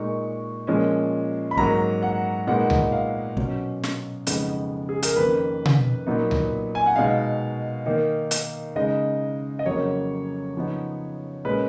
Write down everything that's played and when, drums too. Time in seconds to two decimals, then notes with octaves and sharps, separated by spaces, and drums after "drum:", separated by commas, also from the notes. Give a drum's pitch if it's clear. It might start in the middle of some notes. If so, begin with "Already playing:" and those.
Already playing: A#2 G#3 D#4 C#6
0.67 A#2 F3 G#3 C#4
1.51 B5
1.57 G#2 F#3 A#3 A#5, drum: kick
2.02 F#5
2.47 A#2 G#3 B3 D#4 F#5
2.70 drum: tom C#2
2.92 F5
3.37 B2 F#3 C#4, drum: kick
3.83 drum: snare
4.27 F2 C#3 G#3 B3 D#4, drum: hi-hat
4.89 G#4
5.03 A#4, drum: hi-hat
5.16 F2 D#3 A#3 C#4 B4
5.65 drum: tom B2
6.07 A#2 F#3 B3 D#4
6.31 drum: tom C#2
6.75 G#5
6.86 F#5
6.96 B2 G#3 D#4 F5
7.86 D#3 A#3 D#4
8.31 drum: hi-hat
8.76 C#3 G#3 D#4 D#5
9.59 D#5
9.66 F2 C#3 F#3 A#3 C#5
10.55 C#3 F3 B3 D#4
11.45 A#2 G#3 C#4 B4